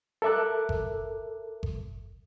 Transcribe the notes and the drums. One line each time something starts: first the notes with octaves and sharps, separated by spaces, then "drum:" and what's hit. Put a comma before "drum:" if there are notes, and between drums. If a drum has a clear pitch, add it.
A4 A#4 E5 D6 F#6
drum: kick G1
drum: kick G1